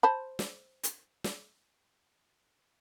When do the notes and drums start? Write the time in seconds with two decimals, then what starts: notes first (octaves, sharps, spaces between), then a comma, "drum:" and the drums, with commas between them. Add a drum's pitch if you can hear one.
0.03 C5 A5 B5
0.39 drum: snare
0.83 drum: hi-hat
1.24 drum: snare